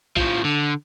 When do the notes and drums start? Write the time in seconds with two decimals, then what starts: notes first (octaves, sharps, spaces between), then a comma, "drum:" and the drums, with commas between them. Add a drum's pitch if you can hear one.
0.17 A2 F3, drum: kick A#1
0.45 D3